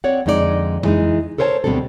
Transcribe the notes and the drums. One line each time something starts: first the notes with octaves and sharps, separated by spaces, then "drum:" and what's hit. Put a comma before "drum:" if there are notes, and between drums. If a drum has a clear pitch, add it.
C4 C#5 D5 F#5
F2 D3 G#3 D#4 F#4 D5
E3 G#3 D#4, drum: tom F2
A4 A#4 C5 C#5 G#5 A5
D2 B2 G3 C4 D4 A4